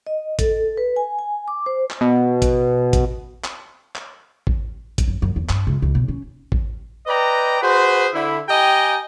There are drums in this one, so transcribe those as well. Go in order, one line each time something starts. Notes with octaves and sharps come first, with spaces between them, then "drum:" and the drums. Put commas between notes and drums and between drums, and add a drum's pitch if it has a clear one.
D#5
A4, drum: kick, hi-hat
B4
G#5
G#5
D6
C5
drum: clap
B2
drum: kick, hi-hat
drum: kick, hi-hat
drum: clap
drum: clap
drum: kick
drum: kick, hi-hat
F#2
F#2
E2
G2, drum: clap
C#2
C#2
B2
C#4
drum: kick
B4 D5 D#5 G5 A#5
F#4 G#4 B4 C5
D3 E4
G4 D#5 G5 G#5 A#5